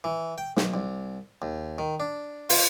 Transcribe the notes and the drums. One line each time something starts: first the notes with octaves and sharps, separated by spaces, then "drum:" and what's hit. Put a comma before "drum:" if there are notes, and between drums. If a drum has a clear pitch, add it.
E3
G5
B1, drum: snare
C2
D#2
D#3
D4
F4, drum: open hi-hat